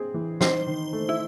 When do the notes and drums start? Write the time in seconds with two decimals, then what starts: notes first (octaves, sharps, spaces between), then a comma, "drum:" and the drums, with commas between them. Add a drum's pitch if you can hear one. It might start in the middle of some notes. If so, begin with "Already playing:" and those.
Already playing: C4 G#4
0.14 E3
0.41 D#4 C5, drum: snare
0.67 D#3
0.93 A3
1.09 E4